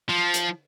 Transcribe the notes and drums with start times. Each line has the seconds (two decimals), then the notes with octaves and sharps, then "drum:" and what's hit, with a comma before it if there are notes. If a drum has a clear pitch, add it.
0.09 F3
0.34 drum: hi-hat